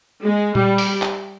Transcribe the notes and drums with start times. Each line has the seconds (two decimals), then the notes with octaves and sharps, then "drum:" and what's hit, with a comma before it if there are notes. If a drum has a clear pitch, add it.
0.22 G#3
0.55 G3, drum: tom A#2
0.78 drum: open hi-hat
1.02 drum: clap